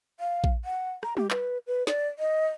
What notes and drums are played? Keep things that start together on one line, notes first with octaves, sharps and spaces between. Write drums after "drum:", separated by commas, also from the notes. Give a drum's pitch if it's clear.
F5
drum: kick A#1
F#5
A#5, drum: rim click
G4, drum: tom G3
B4, drum: clap
B4
D5, drum: snare
D#5